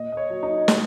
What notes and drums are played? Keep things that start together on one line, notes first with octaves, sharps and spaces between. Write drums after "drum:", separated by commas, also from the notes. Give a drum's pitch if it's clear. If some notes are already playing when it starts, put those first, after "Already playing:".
Already playing: A#2 D#5
D#5
C#5
F#3
D#4
A#2, drum: snare